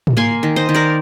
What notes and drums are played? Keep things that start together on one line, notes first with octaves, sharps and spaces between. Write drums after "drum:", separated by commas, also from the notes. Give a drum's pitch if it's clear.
drum: tom
A#3 G#5 C6
D#3
C5 D#5
D#3
A#4 D5